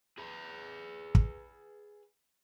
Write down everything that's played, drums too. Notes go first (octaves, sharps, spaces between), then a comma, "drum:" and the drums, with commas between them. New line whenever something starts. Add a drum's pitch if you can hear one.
G#4 B4
drum: kick